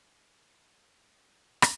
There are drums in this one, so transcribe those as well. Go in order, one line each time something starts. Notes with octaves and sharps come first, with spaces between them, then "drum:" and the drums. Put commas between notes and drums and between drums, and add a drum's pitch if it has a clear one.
B3 C#4 A#4 D6
drum: rim click